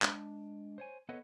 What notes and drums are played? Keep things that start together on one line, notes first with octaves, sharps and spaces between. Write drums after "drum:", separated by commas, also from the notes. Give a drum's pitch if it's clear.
G#3 D4, drum: clap
C5 C#5 G#5
B3 A4 B4 C#5 D#5 F#5